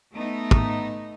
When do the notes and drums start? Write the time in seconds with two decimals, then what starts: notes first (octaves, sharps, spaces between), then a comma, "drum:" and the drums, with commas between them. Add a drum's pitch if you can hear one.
0.13 A3 B3 D#4
0.51 drum: kick